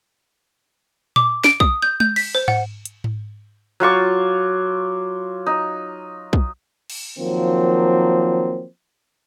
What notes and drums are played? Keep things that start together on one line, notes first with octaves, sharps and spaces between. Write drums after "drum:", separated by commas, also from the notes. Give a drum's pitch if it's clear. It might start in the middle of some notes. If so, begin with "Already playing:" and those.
D6, drum: tom A#2
D7, drum: snare
D#6, drum: kick
G6
G6, drum: tom G#3
B6, drum: cymbal
C5
F#5, drum: tom G#2
drum: hi-hat
drum: tom G#2
F#3 F4 C#6 D6
D#4
drum: kick
drum: cymbal
D#3 F3 F#3 A#3 C4